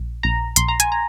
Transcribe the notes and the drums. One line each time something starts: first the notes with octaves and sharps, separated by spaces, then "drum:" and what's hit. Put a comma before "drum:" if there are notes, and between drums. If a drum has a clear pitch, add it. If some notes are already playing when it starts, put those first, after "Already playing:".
Already playing: A#1
A#1 A#5
A#1 C6, drum: hi-hat
A#5
G#5, drum: hi-hat
A#5